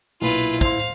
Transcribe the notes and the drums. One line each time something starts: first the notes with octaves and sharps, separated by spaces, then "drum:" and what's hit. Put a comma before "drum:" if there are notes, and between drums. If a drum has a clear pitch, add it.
B1 A#2 E4 F4 B4
C5 F5 C6, drum: kick, hi-hat
drum: hi-hat